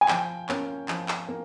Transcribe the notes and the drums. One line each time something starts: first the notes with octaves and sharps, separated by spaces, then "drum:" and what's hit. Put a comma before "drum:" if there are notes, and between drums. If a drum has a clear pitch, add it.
G#5
F3 G5, drum: clap
A#3 C#4, drum: clap
F3, drum: clap
drum: clap
A#3